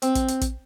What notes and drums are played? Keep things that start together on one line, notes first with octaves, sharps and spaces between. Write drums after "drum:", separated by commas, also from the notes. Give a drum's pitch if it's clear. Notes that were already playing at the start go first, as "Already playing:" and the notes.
C4, drum: hi-hat
drum: kick, hi-hat
drum: hi-hat
drum: kick, hi-hat